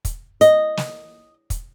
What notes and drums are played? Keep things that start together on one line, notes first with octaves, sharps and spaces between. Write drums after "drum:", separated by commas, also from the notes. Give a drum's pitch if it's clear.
drum: kick, hi-hat
D#5, drum: hi-hat
drum: snare
drum: kick, hi-hat